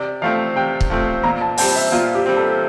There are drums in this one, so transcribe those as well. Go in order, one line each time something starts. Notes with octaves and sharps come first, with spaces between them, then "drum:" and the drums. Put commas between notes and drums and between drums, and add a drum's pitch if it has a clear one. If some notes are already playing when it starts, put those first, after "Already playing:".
Already playing: C3 D5
F3 A3 C4 F5
C3 G5
drum: kick
F3 A3 C4
A#2 A#5
A5
G3 C4 A5, drum: open hi-hat
E5
A#2 F4
G4
G3 C4
A4